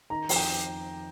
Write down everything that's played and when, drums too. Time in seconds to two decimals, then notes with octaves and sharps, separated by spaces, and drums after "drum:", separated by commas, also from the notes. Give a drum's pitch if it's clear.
0.10 D#3 A#5
0.29 F2, drum: open hi-hat
0.36 G5